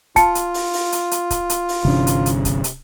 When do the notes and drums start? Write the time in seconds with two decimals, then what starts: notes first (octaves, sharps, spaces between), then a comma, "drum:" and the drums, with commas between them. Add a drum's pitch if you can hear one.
0.16 F4 A5 C#7, drum: kick C#1, hi-hat
0.35 drum: hi-hat
0.54 drum: open hi-hat
0.73 drum: open hi-hat
0.92 drum: hi-hat
1.11 drum: hi-hat
1.30 drum: kick C#1, hi-hat
1.50 drum: hi-hat
1.69 drum: open hi-hat
1.85 G1 C3 E3 C#4 D4
2.07 drum: hi-hat
2.26 drum: hi-hat
2.45 drum: kick C#1, hi-hat
2.64 drum: hi-hat